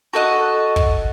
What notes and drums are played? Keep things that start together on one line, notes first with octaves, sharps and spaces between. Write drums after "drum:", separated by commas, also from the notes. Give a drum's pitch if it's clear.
F#4 A4 D#5 F#5
drum: kick